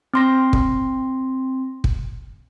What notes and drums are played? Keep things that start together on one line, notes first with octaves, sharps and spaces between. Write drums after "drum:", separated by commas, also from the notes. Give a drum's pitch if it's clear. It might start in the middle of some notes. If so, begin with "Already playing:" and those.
C4 C6 A#6
drum: kick
drum: kick